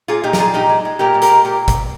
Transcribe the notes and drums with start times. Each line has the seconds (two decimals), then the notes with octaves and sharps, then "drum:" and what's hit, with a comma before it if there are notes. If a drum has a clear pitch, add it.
0.08 A#2 F4 G#4
0.24 A#2 D#4 G4
0.33 A#4, drum: snare
0.39 G3 F4 G#4
0.54 A#2 D#4 G4
0.69 G#3
0.85 G#3
0.99 A#2 G4 A#4
1.14 A#2
1.22 G4 A#4, drum: hi-hat
1.29 G#3
1.44 A#2 G4 A#4
1.68 drum: kick, hi-hat